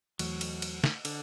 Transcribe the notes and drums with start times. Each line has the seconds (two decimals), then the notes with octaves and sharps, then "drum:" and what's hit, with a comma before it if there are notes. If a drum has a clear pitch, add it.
0.19 E2 E3 F#3 A3, drum: cymbal
0.41 drum: cymbal
0.62 drum: cymbal
0.84 drum: snare
1.05 D3, drum: cymbal